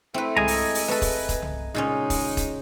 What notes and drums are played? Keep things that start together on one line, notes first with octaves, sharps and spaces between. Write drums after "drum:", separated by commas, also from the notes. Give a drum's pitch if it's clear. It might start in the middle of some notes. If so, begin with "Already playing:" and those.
A3 C4 E4 B4
G#3 D#5 G#5 A#5, drum: tom C2
drum: open hi-hat
drum: open hi-hat
A3 A4 B4
drum: kick E1, open hi-hat
drum: kick E1, hi-hat
drum: tom C2
A#2 C#3 G#3 C#4 D#4
drum: kick E1, open hi-hat
drum: kick E1, hi-hat